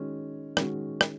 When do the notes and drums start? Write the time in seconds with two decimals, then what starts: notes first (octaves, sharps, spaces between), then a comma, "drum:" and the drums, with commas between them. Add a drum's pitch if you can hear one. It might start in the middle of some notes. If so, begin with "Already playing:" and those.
Already playing: D#3 G#3 C#4 F#4
0.57 D#3 G#3 C#4 F#4, drum: rim click
1.01 drum: rim click